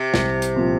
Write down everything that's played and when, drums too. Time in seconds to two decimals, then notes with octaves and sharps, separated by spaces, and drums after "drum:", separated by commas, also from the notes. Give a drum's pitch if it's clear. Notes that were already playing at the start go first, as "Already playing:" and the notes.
Already playing: C3
0.14 C2, drum: snare
0.42 drum: hi-hat
0.56 A#2 F3 C4